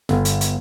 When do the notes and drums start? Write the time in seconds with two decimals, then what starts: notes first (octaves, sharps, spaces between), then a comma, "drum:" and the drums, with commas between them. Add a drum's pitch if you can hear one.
0.09 G1, drum: snare
0.25 drum: hi-hat
0.41 drum: hi-hat